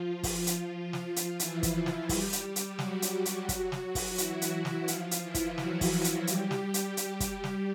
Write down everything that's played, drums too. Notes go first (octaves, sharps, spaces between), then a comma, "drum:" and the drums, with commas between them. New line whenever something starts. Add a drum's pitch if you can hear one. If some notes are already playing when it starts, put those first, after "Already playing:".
Already playing: F3 F4
drum: kick, open hi-hat
drum: hi-hat
drum: snare
drum: hi-hat
E3 E4, drum: hi-hat
drum: kick, hi-hat
F3 F4
drum: snare
G3 G4, drum: kick, open hi-hat
drum: hi-hat
drum: hi-hat
F#3 F#4, drum: snare
drum: hi-hat
drum: hi-hat
drum: kick, hi-hat
drum: snare
drum: kick, open hi-hat
E3 E4, drum: hi-hat
drum: hi-hat
drum: snare
F3 F4, drum: hi-hat
drum: hi-hat
E3 E4
drum: kick, hi-hat
F#3 F#4, drum: snare
drum: kick, open hi-hat
drum: hi-hat
G3 G4, drum: hi-hat
drum: snare
drum: hi-hat
G3 G4, drum: hi-hat
drum: kick, hi-hat
drum: snare